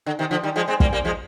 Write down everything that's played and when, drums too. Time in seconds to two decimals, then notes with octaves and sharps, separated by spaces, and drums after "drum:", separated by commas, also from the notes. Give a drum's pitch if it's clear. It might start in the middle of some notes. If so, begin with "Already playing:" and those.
0.06 D3
0.19 C3 D#3
0.31 D3 F3
0.43 D#3 G3
0.56 F3 G#3
0.68 G#3 C4
0.80 G3 A#3, drum: kick
0.93 G3 A#3
1.05 F3 G#3